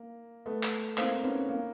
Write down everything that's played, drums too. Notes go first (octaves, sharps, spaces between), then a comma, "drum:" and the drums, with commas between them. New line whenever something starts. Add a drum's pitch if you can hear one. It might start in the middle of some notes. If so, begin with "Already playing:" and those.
Already playing: A#3
A3 B3
drum: clap
A#3 C4, drum: clap
B3 C#4
A#3